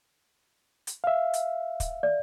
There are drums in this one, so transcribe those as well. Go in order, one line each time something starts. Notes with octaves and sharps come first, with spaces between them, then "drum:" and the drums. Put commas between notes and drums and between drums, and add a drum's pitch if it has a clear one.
drum: hi-hat
E5 F5
drum: hi-hat
drum: kick, hi-hat
D5